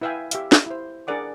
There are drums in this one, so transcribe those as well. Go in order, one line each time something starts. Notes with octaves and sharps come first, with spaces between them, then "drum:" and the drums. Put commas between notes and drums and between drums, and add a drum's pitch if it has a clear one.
E4 B4 E5 F5 G5 G#5
G4 E5 F5, drum: hi-hat
drum: snare
E4 C5
D4 G#4 A#4 D5 F#5 D6